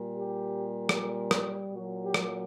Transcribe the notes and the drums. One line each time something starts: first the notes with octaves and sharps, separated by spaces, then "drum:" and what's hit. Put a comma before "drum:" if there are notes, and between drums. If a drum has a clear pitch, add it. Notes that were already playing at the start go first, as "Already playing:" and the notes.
Already playing: A#2 G3
G4
drum: rim click
drum: rim click
A#2 F#3 F#4
G4
drum: rim click